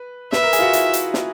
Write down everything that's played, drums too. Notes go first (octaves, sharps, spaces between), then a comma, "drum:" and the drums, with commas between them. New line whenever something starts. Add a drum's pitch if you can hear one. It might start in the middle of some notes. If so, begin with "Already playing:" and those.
Already playing: B4
B4 E5, drum: snare
A#4
G#4, drum: hi-hat
F4
F#4
E4, drum: hi-hat
drum: hi-hat
drum: snare